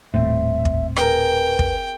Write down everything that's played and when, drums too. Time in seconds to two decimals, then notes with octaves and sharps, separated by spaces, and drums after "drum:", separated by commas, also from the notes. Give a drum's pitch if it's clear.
0.14 D#1 A2 C4 E5
0.65 drum: kick
0.96 G#4 A#4 B4 G5, drum: rim click
1.59 drum: kick